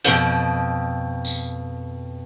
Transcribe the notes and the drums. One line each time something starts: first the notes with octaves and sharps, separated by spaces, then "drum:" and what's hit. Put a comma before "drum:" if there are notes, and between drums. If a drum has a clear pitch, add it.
F2 B2 F3 G5, drum: hi-hat
drum: tambourine